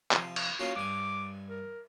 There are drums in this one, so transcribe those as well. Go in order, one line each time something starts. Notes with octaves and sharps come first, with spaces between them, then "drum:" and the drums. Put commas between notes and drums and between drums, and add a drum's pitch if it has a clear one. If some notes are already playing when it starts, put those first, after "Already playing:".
C3 F3, drum: clap
drum: cymbal
A#3 C#4 F4 F#4
G2 G#5 D6
A#4